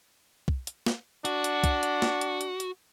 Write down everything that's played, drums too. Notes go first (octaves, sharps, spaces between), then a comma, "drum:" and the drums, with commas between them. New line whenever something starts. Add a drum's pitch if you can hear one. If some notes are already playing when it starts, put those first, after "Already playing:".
drum: kick
drum: hi-hat
drum: snare
D4 F#4, drum: hi-hat
drum: hi-hat
drum: kick, hi-hat
drum: hi-hat
drum: snare
drum: hi-hat
drum: hi-hat
drum: hi-hat